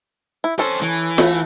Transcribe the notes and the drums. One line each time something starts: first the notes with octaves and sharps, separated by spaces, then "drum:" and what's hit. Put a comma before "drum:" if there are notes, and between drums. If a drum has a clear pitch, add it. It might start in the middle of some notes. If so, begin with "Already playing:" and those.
E4
F2 C#4 A4 C5
E3
A3, drum: snare F4